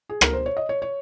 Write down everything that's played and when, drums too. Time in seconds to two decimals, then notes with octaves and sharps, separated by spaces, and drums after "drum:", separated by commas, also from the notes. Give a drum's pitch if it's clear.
0.09 G#4
0.21 A#4, drum: rim click
0.33 C5
0.46 C#5
0.57 D#5
0.69 C#5
0.82 C#5